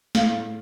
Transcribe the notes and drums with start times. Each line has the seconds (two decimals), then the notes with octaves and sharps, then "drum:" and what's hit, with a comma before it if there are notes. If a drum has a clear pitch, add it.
0.15 A2 F5, drum: snare